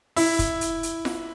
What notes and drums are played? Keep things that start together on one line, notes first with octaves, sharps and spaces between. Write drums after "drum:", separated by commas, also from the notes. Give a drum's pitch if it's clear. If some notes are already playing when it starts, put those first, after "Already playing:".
E4, drum: open hi-hat
drum: kick, hi-hat
drum: hi-hat
drum: hi-hat
drum: snare F4